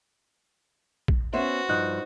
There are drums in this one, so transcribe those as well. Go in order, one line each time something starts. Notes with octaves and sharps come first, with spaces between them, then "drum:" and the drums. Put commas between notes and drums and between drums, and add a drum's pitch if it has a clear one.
drum: kick A#1
B3 C#4 F#4 C5 E5
G2 F3 D#4 F#6